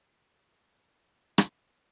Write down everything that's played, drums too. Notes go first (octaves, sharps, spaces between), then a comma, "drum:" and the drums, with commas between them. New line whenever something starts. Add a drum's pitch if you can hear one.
C#6
G#2 D#3 A#3 F#4 A#4 F#5 A#5
A#5 D#6
C#6 F#6
C#6 F#6
A#2 F#3 D#4 G#5 C#6
drum: rim click
D#3 G#3 F#4 A#4 D#5 G#5